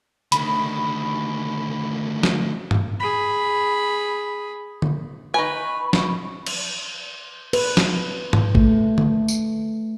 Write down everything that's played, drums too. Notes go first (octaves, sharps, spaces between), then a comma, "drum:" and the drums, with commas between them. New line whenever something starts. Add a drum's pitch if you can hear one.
D2 D#3 B5, drum: hi-hat
drum: snare
drum: tom G2
G#4 B5
drum: tom D3
D#4 B4 G#5 B5 C#6
drum: snare
drum: cymbal
B4, drum: cymbal
drum: snare
drum: tom G#2
A3, drum: kick G#1
drum: tom D3
drum: tambourine